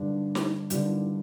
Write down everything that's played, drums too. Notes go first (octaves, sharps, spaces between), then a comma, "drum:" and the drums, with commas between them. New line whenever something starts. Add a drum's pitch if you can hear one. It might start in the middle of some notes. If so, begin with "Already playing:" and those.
Already playing: G2 D3 G3 D4
drum: snare
G2 D3 G3 D4, drum: hi-hat